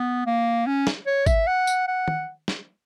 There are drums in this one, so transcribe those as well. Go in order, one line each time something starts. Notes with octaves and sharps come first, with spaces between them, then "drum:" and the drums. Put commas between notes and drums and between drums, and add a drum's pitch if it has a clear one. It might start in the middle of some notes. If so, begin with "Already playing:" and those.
Already playing: B3
A#3
C#4
drum: snare
C#5
E5, drum: kick G#1, tambourine
F#5
drum: tambourine
F#5
drum: tom
drum: snare